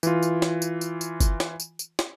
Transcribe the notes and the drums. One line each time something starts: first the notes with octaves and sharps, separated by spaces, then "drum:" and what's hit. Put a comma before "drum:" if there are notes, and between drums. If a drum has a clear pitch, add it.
E3 F4, drum: tambourine
drum: tambourine
drum: snare
drum: tambourine
drum: tambourine
drum: tambourine
drum: kick G1, tambourine
drum: snare
drum: tambourine
drum: tambourine
drum: snare